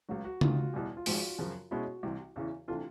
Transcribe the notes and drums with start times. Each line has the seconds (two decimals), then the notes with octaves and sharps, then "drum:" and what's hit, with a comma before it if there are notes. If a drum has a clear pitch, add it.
0.09 C#2 C#3 F#3 F#4
0.25 F#4
0.41 E2 C3 D#3 F4, drum: tom C#3
0.74 E2 B2 G3
0.97 F4
1.06 G#1 G#2 F3 G#3 F#4, drum: open hi-hat
1.39 F#2 C#3 F3
1.71 B2 G#3 C#4 E4 F#4
2.03 C2 C3 E3
2.36 E2 C#3 E3
2.68 C3 E3 A3 D4 F4